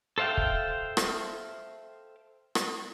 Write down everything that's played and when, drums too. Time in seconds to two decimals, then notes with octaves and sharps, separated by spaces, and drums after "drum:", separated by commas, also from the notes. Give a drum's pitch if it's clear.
0.18 A4 C5 E5 F5 G5
0.37 drum: kick
0.97 drum: rim click
2.55 drum: rim click